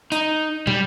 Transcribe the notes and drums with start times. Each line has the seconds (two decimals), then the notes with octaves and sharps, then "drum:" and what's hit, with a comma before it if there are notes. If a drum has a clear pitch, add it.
0.12 D#4, drum: hi-hat
0.67 G3, drum: tom